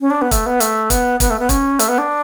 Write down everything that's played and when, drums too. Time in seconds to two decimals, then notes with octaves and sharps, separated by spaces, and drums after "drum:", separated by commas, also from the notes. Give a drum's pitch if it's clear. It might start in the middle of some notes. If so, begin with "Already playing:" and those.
0.01 C#4
0.10 D4
0.21 B3
0.31 A3, drum: kick, hi-hat
0.46 B3
0.60 A3, drum: hi-hat
0.90 B3, drum: kick, hi-hat
1.20 B3, drum: kick, hi-hat
1.30 A3
1.39 B3
1.49 C#4, drum: kick, hi-hat
1.79 A3, drum: hi-hat
1.88 B3
1.98 D4